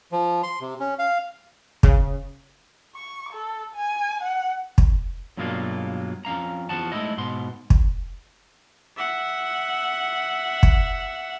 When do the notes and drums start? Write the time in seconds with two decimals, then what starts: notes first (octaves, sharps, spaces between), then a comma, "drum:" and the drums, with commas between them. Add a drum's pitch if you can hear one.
0.12 F3
0.43 C6
0.61 C3
0.80 C#4
0.99 F5
1.83 C#3, drum: kick
2.95 C#6
3.33 A4
3.75 G#5
4.23 F#5
4.78 drum: kick
5.37 G2 B2 F#3 G#3 A#3 F4
6.25 F2 C#4 F5 A#5
6.69 E2 F3 F#4 A5
6.92 G#3 A3 C4 D#4 E4 D#5
7.18 G#2 B2 C6
7.70 drum: kick
8.97 E5 F#5
10.63 drum: kick